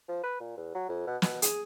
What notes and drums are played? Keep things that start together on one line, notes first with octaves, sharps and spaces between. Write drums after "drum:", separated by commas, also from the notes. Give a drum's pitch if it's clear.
F3
B4
A#2
E2
F#3
F2
B2
B2, drum: snare
G#4, drum: hi-hat